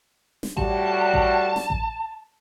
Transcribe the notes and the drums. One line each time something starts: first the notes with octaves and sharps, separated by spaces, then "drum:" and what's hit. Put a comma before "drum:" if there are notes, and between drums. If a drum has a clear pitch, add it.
drum: snare
A2 G3 F#4 A5, drum: kick A1
drum: kick A1
drum: snare
drum: kick A1